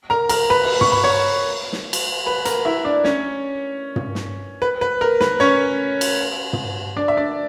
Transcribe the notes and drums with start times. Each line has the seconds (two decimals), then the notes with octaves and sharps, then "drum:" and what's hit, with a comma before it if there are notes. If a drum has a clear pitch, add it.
0.10 A#4 A#5
0.29 A#4 A#5, drum: cymbal
0.50 B4 B5
0.64 drum: cymbal
0.81 C#6, drum: tom
0.92 B5
1.04 C#5 C#6
1.73 drum: snare
1.93 drum: cymbal
2.26 B4 B5
2.45 A#4 A#5, drum: hi-hat
2.65 E4 E5
2.85 D4 D5
3.04 C#4 C#5, drum: snare
3.96 drum: tom
4.15 drum: snare
4.62 B4
4.81 B4
5.01 A#4
5.21 B4, drum: snare
5.40 C#4 C#5
6.01 drum: cymbal
6.53 drum: tom
6.97 D4 D5
7.08 E5
7.17 D4 D5